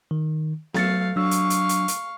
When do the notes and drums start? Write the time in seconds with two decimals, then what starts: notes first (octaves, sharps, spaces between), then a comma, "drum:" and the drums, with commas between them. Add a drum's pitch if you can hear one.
0.11 D#3
0.74 F#3 A3 F5 A6 C#7, drum: snare B3
1.16 F#3 D4 F5 C#6 E6
1.31 drum: hi-hat
1.50 drum: hi-hat
1.69 drum: hi-hat
1.88 drum: hi-hat